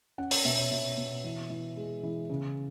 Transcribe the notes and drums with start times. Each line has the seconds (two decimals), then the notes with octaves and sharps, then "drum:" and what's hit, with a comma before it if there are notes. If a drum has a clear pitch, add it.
0.18 C#4 F#5
0.31 C#5, drum: open hi-hat
0.45 B2 E5
0.58 C#5
0.71 B2 E5
0.98 B2
1.24 E3
1.50 E3
1.77 G#3
2.03 E3
2.30 C#3